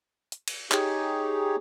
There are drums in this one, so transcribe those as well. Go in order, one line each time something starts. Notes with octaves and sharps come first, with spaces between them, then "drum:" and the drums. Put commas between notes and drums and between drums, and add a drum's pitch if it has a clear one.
drum: hi-hat
drum: cymbal
D#4 G4 G#4 C#5, drum: clap